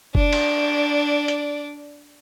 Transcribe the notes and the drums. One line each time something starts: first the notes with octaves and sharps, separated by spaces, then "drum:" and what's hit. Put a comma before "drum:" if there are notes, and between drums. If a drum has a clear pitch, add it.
D4 D5, drum: kick F#1
drum: cymbal
drum: hi-hat